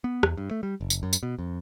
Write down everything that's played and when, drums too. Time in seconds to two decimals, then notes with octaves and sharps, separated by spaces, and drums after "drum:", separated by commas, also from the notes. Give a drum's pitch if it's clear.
0.04 B3
0.23 E2, drum: rim click
0.37 G2
0.51 A3
0.63 G3
0.81 F#1
0.90 drum: tambourine
1.03 F#2
1.13 drum: tambourine
1.23 B2
1.39 F2